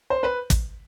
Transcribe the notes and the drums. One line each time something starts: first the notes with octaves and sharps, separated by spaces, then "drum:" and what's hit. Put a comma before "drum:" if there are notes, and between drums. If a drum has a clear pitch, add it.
C5
B4
drum: kick, hi-hat